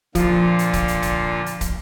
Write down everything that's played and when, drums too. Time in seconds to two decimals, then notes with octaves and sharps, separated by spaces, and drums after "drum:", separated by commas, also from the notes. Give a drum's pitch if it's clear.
0.15 A#2 D3 F3 F4, drum: kick, hi-hat
0.59 drum: hi-hat
0.73 drum: kick, hi-hat
0.88 drum: hi-hat
1.03 drum: kick, hi-hat
1.46 drum: hi-hat
1.61 drum: kick, hi-hat